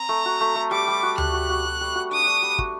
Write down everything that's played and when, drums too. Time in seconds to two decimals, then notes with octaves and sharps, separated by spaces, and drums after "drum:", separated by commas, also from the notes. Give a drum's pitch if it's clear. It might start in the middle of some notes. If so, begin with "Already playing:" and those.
Already playing: C4 A#5
0.09 A3
0.26 F#4
0.41 A3
0.55 A3
0.71 G3 D6
0.88 G3
1.03 F#4
1.18 G3 F#6, drum: tom D2
1.33 F#4
1.50 F#4
1.65 F#4
1.81 G3
1.95 F#4
2.11 D4 D#6
2.27 D4
2.42 G3
2.59 F#4, drum: kick